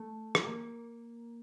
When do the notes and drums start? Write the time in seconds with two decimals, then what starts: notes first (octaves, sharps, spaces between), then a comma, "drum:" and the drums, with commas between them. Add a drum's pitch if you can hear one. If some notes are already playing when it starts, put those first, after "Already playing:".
Already playing: A3
0.35 drum: rim click
0.47 A#3